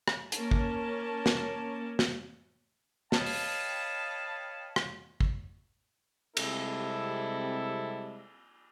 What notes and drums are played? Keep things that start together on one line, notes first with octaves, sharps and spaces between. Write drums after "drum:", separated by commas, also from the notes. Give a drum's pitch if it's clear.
drum: rim click
A#3 C#4 A#4 A5, drum: hi-hat
drum: kick
drum: snare
drum: snare
B4 C#5 D#5 F5 G5 A5, drum: snare
drum: open hi-hat
drum: rim click
drum: kick
C3 G3 G#3 C4 E4 A4, drum: cymbal